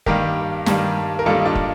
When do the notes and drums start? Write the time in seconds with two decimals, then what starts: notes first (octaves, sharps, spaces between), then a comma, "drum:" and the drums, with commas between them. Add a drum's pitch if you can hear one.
0.06 G2 D#3 G3 A#3 G4 A#4, drum: kick
0.66 G2 D#3 G3 A#3, drum: snare
1.19 A#4
1.26 G2 D#3 G3 A#3 F4 A4
1.40 D#4
1.45 D4 F4
1.55 drum: kick